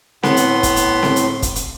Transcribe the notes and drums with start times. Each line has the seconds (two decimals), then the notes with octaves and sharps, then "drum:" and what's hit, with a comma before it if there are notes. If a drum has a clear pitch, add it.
0.23 A2 B3 C6, drum: snare C4
0.37 drum: hi-hat
0.63 drum: kick, hi-hat
0.76 drum: hi-hat
1.03 drum: snare C4
1.16 drum: hi-hat
1.42 drum: kick, hi-hat
1.56 drum: hi-hat